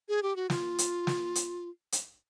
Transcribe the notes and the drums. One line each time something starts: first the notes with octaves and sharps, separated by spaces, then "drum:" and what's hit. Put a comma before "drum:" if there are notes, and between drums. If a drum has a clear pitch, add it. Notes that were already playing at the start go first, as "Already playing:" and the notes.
G#4
G4
F#4
F4, drum: snare
drum: hi-hat
drum: snare
drum: hi-hat
drum: hi-hat